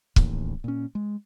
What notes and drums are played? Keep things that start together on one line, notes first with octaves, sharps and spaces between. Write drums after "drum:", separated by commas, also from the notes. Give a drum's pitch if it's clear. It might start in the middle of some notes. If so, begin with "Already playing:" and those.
D1 A1 D#2, drum: kick
A#2 C#4
G#3